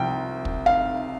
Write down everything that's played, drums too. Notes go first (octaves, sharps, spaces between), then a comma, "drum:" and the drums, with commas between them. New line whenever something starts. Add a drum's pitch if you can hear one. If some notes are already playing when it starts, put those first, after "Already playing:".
Already playing: C2 C3 F3 G5
drum: kick
F5